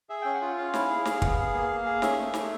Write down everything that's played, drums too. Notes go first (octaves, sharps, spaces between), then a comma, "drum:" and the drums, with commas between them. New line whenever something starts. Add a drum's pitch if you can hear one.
G#4 E5
C#4 G5
F#5
F4
C#4 F5
E4, drum: snare
G#4
G#4, drum: snare
B3, drum: kick
G#4
A#3
A#3
G#4
C#4 E5, drum: snare
A3
A3, drum: snare